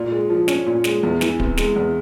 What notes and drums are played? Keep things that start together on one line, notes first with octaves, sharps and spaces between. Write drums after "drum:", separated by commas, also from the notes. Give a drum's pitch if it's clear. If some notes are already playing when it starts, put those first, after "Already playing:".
Already playing: A#2
G#3
F3
C#4, drum: snare
A#2
G#3, drum: snare
E2
E3, drum: snare
C3, drum: kick D1
G#3, drum: snare
E2